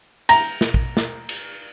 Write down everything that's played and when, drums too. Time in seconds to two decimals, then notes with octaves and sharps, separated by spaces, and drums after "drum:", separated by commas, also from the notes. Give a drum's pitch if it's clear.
0.29 A#5, drum: cymbal
0.61 drum: snare
0.74 drum: kick
0.97 drum: snare
1.29 drum: cymbal